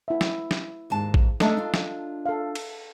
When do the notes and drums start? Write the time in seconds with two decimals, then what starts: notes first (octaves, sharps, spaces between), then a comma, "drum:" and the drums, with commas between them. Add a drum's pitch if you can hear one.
0.08 E4 E5
0.21 drum: snare
0.51 drum: snare
0.90 D#2 G#2 A5
1.14 drum: kick A1
1.40 A3 D4 A4 D#5 A#5, drum: snare
1.57 D4 F4
1.74 drum: snare
2.26 A4 F5
2.55 drum: cymbal